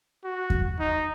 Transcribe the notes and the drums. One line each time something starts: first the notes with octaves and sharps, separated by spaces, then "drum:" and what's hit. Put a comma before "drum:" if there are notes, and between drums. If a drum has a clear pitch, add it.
F#4
drum: kick E2
D#4